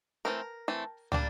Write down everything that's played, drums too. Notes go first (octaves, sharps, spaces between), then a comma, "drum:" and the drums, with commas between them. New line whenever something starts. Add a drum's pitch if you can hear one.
E3 A3 C4 A#4
E3 A3 C4
G3 A#3 D4, drum: tom